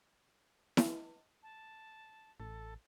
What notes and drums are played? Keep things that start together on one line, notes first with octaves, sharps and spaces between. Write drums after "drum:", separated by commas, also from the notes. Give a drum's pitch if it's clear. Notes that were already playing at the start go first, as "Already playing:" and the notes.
drum: snare E4
A5
A1 A4